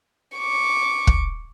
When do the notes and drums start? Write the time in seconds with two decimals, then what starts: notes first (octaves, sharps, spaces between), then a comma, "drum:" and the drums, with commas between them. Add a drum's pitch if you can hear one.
0.37 C#6 D6
1.07 drum: kick